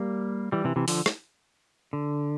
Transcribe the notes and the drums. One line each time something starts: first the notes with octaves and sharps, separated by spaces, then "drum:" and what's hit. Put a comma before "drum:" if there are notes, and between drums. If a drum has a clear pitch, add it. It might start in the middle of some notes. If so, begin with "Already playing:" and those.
Already playing: G3 A#3
E3 G3
C3 E3
C3 E3
D3 F3, drum: open hi-hat
drum: rim click
D3